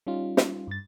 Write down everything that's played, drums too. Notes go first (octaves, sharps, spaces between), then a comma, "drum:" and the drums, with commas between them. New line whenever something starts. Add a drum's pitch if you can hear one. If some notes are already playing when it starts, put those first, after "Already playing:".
G3 C#4 D#4 F4
drum: snare
G2 A6